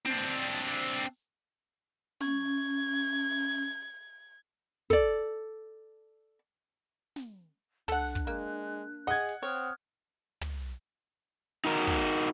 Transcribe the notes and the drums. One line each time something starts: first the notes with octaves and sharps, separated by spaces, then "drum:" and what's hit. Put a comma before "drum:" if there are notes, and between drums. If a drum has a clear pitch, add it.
C4 D4, drum: snare
drum: open hi-hat
C#4 G#6, drum: snare
drum: hi-hat
A4 D5, drum: kick
drum: snare
D4 A4 F#5 F#6, drum: tom
drum: kick
G#3 A#3
G#4 D#5 F#5 G#6
drum: hi-hat
C4 C#5 D#6 F6 F#6
drum: tom
D#4 F#4 A#4, drum: hi-hat
drum: kick